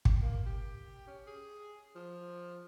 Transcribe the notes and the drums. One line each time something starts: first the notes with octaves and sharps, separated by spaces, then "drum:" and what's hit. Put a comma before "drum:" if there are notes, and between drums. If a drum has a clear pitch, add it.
drum: kick
A#3
G4
C#4
G#4
F3